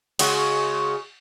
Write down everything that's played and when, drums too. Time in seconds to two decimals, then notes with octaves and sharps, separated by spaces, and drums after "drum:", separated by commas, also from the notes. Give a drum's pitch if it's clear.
0.19 C#3 G#3 F#4, drum: cymbal